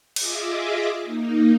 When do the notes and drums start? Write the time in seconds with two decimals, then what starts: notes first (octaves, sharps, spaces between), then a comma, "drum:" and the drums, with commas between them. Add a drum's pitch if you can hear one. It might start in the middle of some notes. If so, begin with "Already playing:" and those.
0.16 F4 G#4 D#5 E5 D6, drum: cymbal
1.03 A#3 D#4